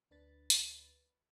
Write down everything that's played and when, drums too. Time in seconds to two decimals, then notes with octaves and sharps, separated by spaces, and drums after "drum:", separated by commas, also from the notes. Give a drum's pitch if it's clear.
0.11 D2 D4 B4 B5 A6
0.50 drum: hi-hat